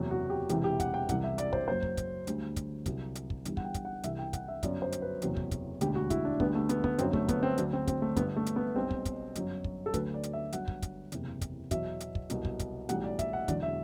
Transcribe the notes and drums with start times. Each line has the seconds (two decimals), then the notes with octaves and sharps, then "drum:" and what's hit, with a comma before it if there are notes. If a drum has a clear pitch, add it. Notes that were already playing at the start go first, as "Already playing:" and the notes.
Already playing: F#1 E2 C3 F#3
0.11 F#4
0.30 G4
0.49 E1 E2 C3 E3 G4, drum: hi-hat
0.64 G4
0.80 F#5, drum: kick, hi-hat
0.94 G5
1.09 C2 C3 E3 G3 F#5, drum: kick, hi-hat
1.24 E5
1.38 D5, drum: hi-hat
1.53 C5, drum: kick
1.68 F#1 F#2 F#3 C5
1.83 drum: kick
1.97 drum: kick, hi-hat
2.27 D2 D3 G3, drum: hi-hat
2.56 drum: kick, hi-hat
2.86 C2 C3 F#3, drum: kick, hi-hat
3.15 drum: hi-hat
3.30 drum: kick
3.45 G1 G2 E3 G3, drum: hi-hat
3.57 F#5, drum: kick
3.65 G5
3.74 drum: kick, hi-hat
3.85 F#5
4.03 C2 C3 E3 E5, drum: hi-hat
4.19 G5
4.33 F#5, drum: kick, hi-hat
4.48 E5
4.63 G1 F#2 F#3 D5, drum: kick, hi-hat
4.82 C5
4.92 drum: hi-hat
5.02 B4
5.22 F#1 E2 C3 F#3, drum: hi-hat
5.37 drum: kick
5.51 drum: kick, hi-hat
5.81 E1 D2 D3 G4, drum: hi-hat
5.95 F#4
6.10 E4, drum: kick, hi-hat
6.25 D4
6.40 D2 D3 G3 B3, drum: kick
6.55 A3
6.69 B3, drum: hi-hat
6.84 B3, drum: kick
6.98 G1 F#2 D3 F#3 C4, drum: hi-hat
7.13 A3, drum: kick
7.28 B3, drum: kick, hi-hat
7.43 C4
7.58 D2 D3 F#3 D4, drum: hi-hat
7.73 C4
7.87 C4, drum: kick, hi-hat
8.02 A3
8.16 G1 G2 D3 B3, drum: kick, hi-hat
8.36 A3
8.46 drum: hi-hat
8.56 B3
8.76 B1 B2 G3 C4
8.91 drum: kick
9.05 drum: kick, hi-hat
9.35 G1 F#2 F#3, drum: hi-hat
9.64 drum: kick
9.86 A4
9.94 D2 D3 F#3 B4, drum: kick, hi-hat
10.14 D5
10.23 drum: hi-hat
10.33 E5
10.52 G1 G2 F#3 F#5, drum: hi-hat
10.68 drum: kick
10.82 drum: kick, hi-hat
11.12 F#1 E2 C3 E3, drum: hi-hat
11.41 drum: kick, hi-hat
11.71 E2 B2 F#3 E5, drum: kick, hi-hat
12.00 drum: hi-hat
12.15 drum: kick
12.30 C2 B2 F#3, drum: hi-hat
12.45 drum: kick
12.59 drum: kick, hi-hat
12.89 B1 A2 E3 G3 F#5, drum: hi-hat
13.04 D5
13.19 E5, drum: kick, hi-hat
13.33 F#5
13.48 E1 E2 D3 F#3 D5, drum: kick, hi-hat
13.63 E5